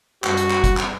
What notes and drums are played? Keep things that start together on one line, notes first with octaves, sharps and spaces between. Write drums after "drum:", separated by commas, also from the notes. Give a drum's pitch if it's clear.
F#2 G3 F#4, drum: clap
drum: hi-hat
drum: clap
drum: kick, hi-hat
drum: clap